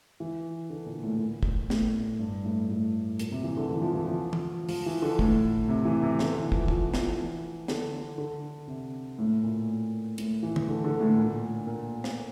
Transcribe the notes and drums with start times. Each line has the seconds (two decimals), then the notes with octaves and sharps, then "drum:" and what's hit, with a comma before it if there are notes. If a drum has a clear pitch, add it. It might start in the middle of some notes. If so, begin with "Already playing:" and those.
0.20 E3
0.70 D3
0.86 A#2
1.04 A2
1.15 A2
1.19 A#2
1.43 drum: kick
1.70 A2, drum: snare
2.19 G2
2.45 A2
2.69 A2
3.19 A#2, drum: hi-hat
3.32 C3
3.44 E3
3.57 D3
3.69 E3
3.81 F3
3.94 E3
4.07 F3
4.33 drum: tom
4.69 F3, drum: open hi-hat
4.86 E3
5.02 D3
5.19 A2, drum: kick
5.69 C3
5.85 E3
6.03 C3
6.19 D3, drum: snare
6.35 E3
6.52 F3, drum: kick
6.68 F3, drum: kick
6.94 E3, drum: snare
7.68 D3, drum: snare
8.18 D3
8.68 C3
9.19 A2
9.43 A#2
10.18 A2, drum: hi-hat
10.43 E3
10.56 drum: tom
10.68 D3
10.84 D3
11.00 A2
11.18 A#2
11.67 A#2
12.04 drum: snare